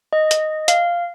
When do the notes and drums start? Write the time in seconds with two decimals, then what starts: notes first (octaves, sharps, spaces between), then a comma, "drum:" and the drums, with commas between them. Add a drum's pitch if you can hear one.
0.13 D#5
0.31 drum: hi-hat
0.68 F5, drum: hi-hat